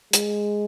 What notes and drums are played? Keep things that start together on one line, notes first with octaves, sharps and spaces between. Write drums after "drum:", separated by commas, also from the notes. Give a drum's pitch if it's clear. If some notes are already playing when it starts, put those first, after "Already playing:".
G#3, drum: hi-hat